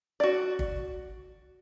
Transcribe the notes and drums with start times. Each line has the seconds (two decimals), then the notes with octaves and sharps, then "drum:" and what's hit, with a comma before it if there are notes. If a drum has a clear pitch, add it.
0.20 F#4 D5
0.59 drum: kick